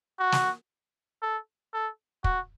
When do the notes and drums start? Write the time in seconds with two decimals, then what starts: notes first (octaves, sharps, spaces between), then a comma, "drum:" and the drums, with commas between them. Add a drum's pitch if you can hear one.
0.20 F#4
0.32 drum: snare
1.22 A4
1.74 A4
2.24 F#4, drum: kick